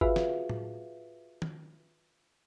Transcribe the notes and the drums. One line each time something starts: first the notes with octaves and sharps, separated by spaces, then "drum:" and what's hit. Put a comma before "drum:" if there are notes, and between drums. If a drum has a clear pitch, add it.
F4 F#4 G#4 B4 E5 F5, drum: kick G1
drum: snare
drum: tom A2
drum: tom